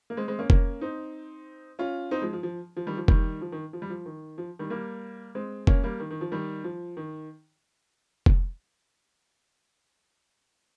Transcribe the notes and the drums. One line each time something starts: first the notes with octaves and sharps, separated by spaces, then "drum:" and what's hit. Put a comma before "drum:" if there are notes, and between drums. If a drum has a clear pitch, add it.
A#3
G#3 C4
G#3 C4
A#3 C#4
A#3 C#4, drum: kick F1
C4 D#4
C#4 F4
C4 D#4
F3 G#3
F3
F3
F3
D#3 G3
F3
D#3 G3, drum: kick F1
F3
D#3
F3
G3
F3
D#3
F3
D#3 G3
G3 A#3
G#3 C4
A#3 C#4, drum: kick F1
G3 A#3
D#3
D#3
F3
D#3 G3
F3
D#3
drum: kick F1